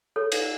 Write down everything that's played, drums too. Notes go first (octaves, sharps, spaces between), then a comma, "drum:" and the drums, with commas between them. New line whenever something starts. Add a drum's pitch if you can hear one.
A4 C#5
drum: cymbal